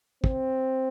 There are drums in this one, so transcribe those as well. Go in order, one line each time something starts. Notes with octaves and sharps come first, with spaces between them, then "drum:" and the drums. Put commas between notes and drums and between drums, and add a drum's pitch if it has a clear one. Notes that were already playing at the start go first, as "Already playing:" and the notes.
C4, drum: kick